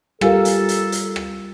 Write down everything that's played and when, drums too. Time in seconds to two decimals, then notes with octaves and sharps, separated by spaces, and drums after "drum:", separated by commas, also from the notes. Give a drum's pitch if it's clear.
0.21 G3 F4 G4 A4 A#4 F5 G#5, drum: rim click
0.45 drum: hi-hat
0.69 drum: hi-hat
0.92 drum: hi-hat
1.16 drum: rim click